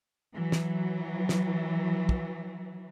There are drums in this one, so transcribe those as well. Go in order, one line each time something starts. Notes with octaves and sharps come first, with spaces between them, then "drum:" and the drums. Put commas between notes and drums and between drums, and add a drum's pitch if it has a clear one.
E3 F#3
drum: snare
drum: snare
drum: kick